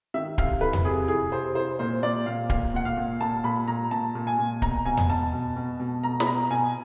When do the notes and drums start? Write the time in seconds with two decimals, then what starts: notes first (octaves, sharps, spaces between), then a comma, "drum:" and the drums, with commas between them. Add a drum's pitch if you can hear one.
0.14 D#3 E5
0.38 C3 F5, drum: kick D1
0.61 E3 B4
0.73 drum: tom E2
0.85 C3 G#4
1.08 E3 G#4
1.32 C3 C5
1.55 E3 C5
1.79 A#2 C5
2.02 A#2 D5
2.26 A#2 F5
2.50 A#2 F5, drum: kick D1
2.74 A#2 F#5
2.85 F5
2.97 A#2
3.21 A#2 A5
3.44 A#2 B5
3.68 A#2 A#5
3.91 A#2 A5
4.15 A#2
4.27 G#5
4.38 A#2
4.62 B2 A#5, drum: kick D1
4.86 B2 G#5
4.97 drum: tom E2
5.09 B2 A5
5.33 B2
5.56 B2
5.80 B2
6.03 B2 A#5
6.20 B5, drum: snare
6.27 B2 A#5
6.51 B2 G#5